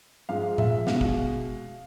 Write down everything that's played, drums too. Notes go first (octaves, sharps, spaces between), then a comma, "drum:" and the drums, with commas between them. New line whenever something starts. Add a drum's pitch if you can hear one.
G#2 F3 G#3 F5
E5, drum: tom A2
B2 G#3 F5, drum: snare
drum: kick